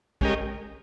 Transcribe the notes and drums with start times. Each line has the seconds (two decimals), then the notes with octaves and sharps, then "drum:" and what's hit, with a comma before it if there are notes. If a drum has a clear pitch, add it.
0.21 G#3 C#4 G4 A#4 D#5, drum: kick